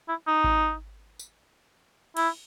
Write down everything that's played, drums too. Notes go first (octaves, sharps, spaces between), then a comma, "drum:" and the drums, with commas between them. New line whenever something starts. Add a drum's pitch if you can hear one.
E4
D#4
drum: kick G#1
drum: tambourine
E4, drum: cymbal